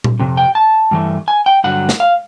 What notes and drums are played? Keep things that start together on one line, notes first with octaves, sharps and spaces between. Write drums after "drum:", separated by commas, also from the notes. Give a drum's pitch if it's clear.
drum: tom A#2
F2 C3
G5
A5
G2 E3 A3
G#5
G5
G2 D3 F#3 F#5
drum: snare
F5